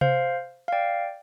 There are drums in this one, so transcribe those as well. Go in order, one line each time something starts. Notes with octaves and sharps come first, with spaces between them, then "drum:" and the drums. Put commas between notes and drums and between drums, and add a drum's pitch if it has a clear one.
C5 F5, drum: tom C3
F5
D5 G5